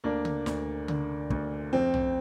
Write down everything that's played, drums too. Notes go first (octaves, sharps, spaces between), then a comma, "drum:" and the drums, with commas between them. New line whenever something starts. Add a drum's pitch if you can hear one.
D2 A#3 D4
drum: tom C#3
D2, drum: snare
D3, drum: tom C#3
D2, drum: kick
F2 C4
drum: tom